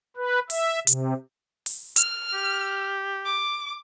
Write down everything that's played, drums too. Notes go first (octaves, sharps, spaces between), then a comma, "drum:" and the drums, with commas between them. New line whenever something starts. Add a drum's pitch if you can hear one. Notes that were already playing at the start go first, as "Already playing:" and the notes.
B4
E5, drum: open hi-hat
C3, drum: hi-hat
drum: open hi-hat
F6, drum: hi-hat
G4
D6